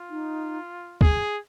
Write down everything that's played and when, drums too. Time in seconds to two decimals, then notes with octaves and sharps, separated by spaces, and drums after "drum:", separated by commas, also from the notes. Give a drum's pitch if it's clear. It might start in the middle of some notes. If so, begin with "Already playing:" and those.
Already playing: F4
0.10 D#4
1.01 G#4, drum: kick